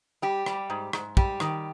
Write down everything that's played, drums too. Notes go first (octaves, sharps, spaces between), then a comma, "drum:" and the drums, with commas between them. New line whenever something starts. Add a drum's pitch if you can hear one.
G3 G4
G3, drum: rim click
G#2
G#2, drum: rim click
G3 G4, drum: kick
D#3, drum: rim click